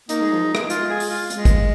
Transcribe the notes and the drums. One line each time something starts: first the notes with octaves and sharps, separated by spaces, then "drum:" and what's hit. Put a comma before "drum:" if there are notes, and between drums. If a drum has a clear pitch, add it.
A#3 D#4, drum: hi-hat
G#3
F3
G#3
drum: rim click
F4, drum: hi-hat
G#4
drum: open hi-hat
F4
G#3, drum: hi-hat
drum: kick, hi-hat